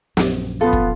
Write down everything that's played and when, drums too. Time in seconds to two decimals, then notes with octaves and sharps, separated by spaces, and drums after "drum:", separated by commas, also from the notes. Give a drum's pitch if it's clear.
0.17 A#1 F#2, drum: snare
0.61 B3 F4 A4
0.73 drum: kick